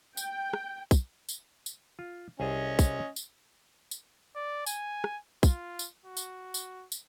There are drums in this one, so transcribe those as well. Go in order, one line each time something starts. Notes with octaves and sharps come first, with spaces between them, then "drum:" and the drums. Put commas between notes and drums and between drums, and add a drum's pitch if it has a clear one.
G5, drum: tambourine
drum: rim click
drum: kick, tambourine
drum: tambourine
drum: tambourine
F4
C2 C#4 G#4 A4 D#5
drum: kick, tambourine
drum: tambourine
drum: tambourine
D5
G#5, drum: tambourine
drum: rim click
F4, drum: kick, tambourine
drum: tambourine
F#4
drum: tambourine
drum: tambourine
drum: tambourine